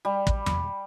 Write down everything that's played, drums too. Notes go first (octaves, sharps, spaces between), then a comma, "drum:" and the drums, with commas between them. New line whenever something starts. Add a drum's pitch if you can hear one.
G3
drum: kick
drum: tom E2